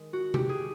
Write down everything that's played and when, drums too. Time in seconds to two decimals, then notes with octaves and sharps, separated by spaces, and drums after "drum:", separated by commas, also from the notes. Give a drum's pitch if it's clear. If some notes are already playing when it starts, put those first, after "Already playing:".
Already playing: D#3 G#3
0.13 F#4
0.34 G4, drum: tom C3
0.49 G#4